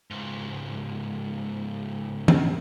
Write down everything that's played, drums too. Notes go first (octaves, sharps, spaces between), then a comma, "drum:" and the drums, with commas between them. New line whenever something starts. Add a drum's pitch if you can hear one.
C#2 G#2
drum: tom E3